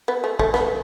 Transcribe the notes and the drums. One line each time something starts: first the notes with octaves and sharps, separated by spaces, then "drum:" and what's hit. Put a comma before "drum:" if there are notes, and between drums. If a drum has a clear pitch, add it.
B3
A3
A3, drum: kick
B3, drum: snare